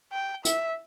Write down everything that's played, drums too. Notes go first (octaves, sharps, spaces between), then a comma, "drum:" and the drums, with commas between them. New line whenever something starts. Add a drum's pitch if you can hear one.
G5
E5, drum: hi-hat